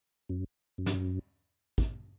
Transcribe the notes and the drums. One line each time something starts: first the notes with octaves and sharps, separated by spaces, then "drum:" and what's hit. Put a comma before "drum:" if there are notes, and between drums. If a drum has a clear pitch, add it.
F#2
F#2
G2, drum: snare
F#2
E2, drum: kick